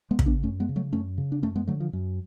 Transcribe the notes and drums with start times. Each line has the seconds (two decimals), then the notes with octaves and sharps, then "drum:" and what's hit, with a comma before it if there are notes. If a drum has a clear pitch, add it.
0.11 G#3 B3
0.19 C#3, drum: kick
0.26 B3 D4
0.43 F#2 A3 C#4
0.60 G#3 B3
0.69 C#3
0.76 F#3 A3
0.93 F#2 A3 C#4
1.18 C#3
1.32 D4
1.42 F#2 A3 C#4
1.56 G#3 B3
1.67 D3 F#3 A3
1.80 F3
1.93 F#2